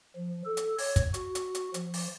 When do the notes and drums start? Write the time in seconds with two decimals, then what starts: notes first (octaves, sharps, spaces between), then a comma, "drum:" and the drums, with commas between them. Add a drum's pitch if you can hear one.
0.16 F3
0.45 A4
0.57 drum: hi-hat
0.78 C#5, drum: open hi-hat
0.96 drum: kick, hi-hat
1.14 F#4, drum: hi-hat
1.35 drum: hi-hat
1.55 drum: hi-hat
1.74 F3, drum: hi-hat
1.94 drum: open hi-hat